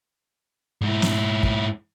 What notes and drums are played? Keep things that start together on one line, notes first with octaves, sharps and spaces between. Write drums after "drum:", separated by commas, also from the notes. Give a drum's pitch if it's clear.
G#2 E4
drum: snare
drum: kick